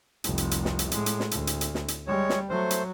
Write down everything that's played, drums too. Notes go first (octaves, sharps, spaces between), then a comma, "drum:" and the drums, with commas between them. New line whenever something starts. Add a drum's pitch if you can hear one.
F1 C2, drum: hi-hat
drum: hi-hat
drum: hi-hat
drum: snare
drum: hi-hat
A2 G#3, drum: hi-hat
drum: hi-hat
drum: snare
D2, drum: hi-hat
drum: hi-hat
drum: hi-hat
drum: snare
drum: hi-hat
G3 G#3 C#5
drum: snare
F#3 A3 C5
drum: hi-hat